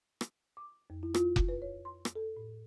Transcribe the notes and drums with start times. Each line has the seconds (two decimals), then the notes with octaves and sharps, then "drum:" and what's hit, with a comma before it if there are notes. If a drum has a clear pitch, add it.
0.21 drum: rim click
0.57 D6
0.90 F2
1.03 E4
1.14 F4, drum: rim click
1.36 drum: kick F1
1.49 B4
1.62 C#5
1.85 C6
2.05 drum: rim click
2.15 A4
2.37 A2